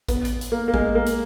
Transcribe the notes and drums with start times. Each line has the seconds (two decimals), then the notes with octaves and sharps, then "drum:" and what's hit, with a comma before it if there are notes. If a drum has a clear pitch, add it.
0.08 B3, drum: kick A1, hi-hat
0.25 drum: hi-hat
0.41 drum: hi-hat
0.52 A#3
0.68 A#3
0.74 G#3, drum: kick A1
0.95 A#3
1.06 drum: hi-hat